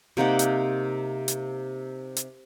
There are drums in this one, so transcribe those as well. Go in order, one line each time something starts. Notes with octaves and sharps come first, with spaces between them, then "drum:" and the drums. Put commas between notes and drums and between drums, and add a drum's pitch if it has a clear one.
C3 A#3 D#4 F#5
drum: hi-hat
drum: hi-hat
drum: hi-hat